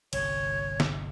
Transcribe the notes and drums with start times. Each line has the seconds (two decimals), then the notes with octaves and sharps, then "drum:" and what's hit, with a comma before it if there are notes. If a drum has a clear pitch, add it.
0.13 G1 C2 C#5, drum: cymbal
0.80 drum: snare